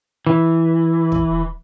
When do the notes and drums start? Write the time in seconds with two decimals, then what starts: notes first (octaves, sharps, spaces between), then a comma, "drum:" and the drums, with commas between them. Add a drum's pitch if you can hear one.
0.26 E3
1.12 drum: kick